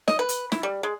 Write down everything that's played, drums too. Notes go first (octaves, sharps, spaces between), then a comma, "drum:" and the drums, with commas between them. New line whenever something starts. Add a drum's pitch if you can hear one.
D#5, drum: snare
B4
drum: hi-hat
E4, drum: snare
G3
G#3